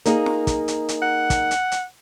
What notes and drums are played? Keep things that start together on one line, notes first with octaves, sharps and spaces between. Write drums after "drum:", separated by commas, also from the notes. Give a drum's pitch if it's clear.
A#3 D#4 G#4, drum: hi-hat
drum: snare
drum: kick, hi-hat
drum: hi-hat
drum: hi-hat
F#5
drum: kick, hi-hat
drum: hi-hat
drum: hi-hat